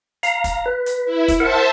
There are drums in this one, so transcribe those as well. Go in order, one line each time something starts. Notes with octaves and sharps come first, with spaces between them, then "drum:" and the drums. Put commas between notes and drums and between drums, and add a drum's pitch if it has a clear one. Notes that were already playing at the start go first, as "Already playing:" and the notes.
F5 A#5, drum: hi-hat
drum: kick, hi-hat
B4
drum: hi-hat
E4
drum: kick, hi-hat
A#4 C5 E5 F#5 A5